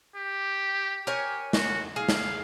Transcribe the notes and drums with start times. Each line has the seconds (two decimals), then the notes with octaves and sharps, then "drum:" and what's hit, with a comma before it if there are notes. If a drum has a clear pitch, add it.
0.16 G4
1.07 G4 A#4 C#5 G#5
1.53 F#4, drum: snare
1.96 G#4 F5
2.09 drum: snare